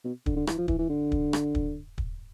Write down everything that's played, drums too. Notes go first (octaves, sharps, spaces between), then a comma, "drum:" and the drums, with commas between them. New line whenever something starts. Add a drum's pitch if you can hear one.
B2
D3, drum: kick
D3
E3, drum: rim click
F3
E3, drum: kick
E3
D3
drum: kick
drum: rim click
drum: kick
drum: kick